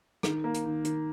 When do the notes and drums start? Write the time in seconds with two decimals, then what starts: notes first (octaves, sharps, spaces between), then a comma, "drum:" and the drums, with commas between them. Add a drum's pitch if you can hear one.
0.23 D#3, drum: rim click
0.44 A#3
0.54 drum: hi-hat
0.65 D#3
0.84 D#3, drum: hi-hat